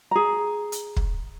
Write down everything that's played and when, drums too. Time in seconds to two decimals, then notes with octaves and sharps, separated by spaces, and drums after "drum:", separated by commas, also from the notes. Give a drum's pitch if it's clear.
0.11 G#4 A#5
0.72 drum: hi-hat
0.96 drum: kick